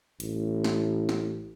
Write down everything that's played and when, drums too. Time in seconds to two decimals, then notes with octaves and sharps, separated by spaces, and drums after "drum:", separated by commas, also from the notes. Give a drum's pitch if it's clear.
0.20 A1, drum: hi-hat
0.64 drum: snare
1.09 drum: snare